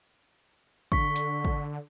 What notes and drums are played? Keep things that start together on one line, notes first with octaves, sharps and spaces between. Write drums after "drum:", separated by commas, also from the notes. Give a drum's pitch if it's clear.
D3 C#6 B6, drum: kick
drum: hi-hat
drum: kick